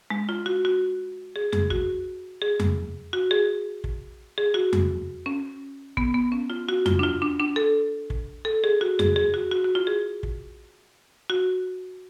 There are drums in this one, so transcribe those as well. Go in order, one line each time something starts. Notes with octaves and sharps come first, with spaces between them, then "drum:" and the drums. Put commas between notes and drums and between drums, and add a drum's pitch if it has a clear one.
G#3
F4
F#4
F#4
G#4
G#4, drum: tom F2
F#4, drum: kick
G#4
drum: tom F2
F#4
G#4
drum: kick
G#4
F#4
drum: tom F2
C#4
B3, drum: kick
B3
C#4
F4
F#4
F4, drum: tom F2
D4
F4
D4
D4
A4
drum: kick
A4
G#4
F#4
G#4, drum: tom F2
G#4
F#4
F#4
F#4
F4
G#4
drum: kick
F#4